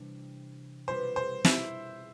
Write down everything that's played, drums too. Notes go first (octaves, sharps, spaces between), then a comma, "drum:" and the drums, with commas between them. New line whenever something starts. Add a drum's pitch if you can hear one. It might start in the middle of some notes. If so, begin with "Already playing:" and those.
Already playing: C3 E3 G3 D4
B2 G3 C4 F4 B4 C5
C5
E4, drum: snare